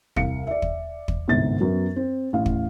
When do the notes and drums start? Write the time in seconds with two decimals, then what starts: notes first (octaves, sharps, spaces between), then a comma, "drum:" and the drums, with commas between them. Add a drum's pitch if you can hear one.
0.16 C2 F5 C#7, drum: kick
0.47 D5 E5
0.62 drum: kick
1.08 drum: kick
1.28 G1 C2 G#2 A6
1.60 F#2 F#3 B3
1.96 C4
2.33 A1 F5
2.46 drum: kick